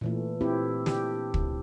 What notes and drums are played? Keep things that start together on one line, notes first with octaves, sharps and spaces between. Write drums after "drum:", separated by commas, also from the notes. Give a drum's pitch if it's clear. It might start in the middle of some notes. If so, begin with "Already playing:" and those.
A#2 E3 A3
C4 E4 G4
D4 G4, drum: snare
drum: kick